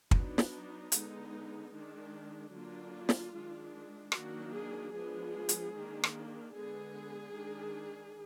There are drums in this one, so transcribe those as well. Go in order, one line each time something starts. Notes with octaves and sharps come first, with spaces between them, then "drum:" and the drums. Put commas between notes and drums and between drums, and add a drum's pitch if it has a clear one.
F#3 B3 D4 D#4, drum: kick
drum: snare
D3 G#3 B3, drum: hi-hat
D#3 G#3 D4
D3 F#3 A#3 D4 F4
drum: snare
D#3 G#3 D4
D#3 F#3 A#3 D4 F#4, drum: rim click
G#4
F3 G#3 B3 D4 G#4
drum: hi-hat
D#3 A#3 D4
drum: rim click
D3 G#3 B3 G#4
D#3 G#3 D4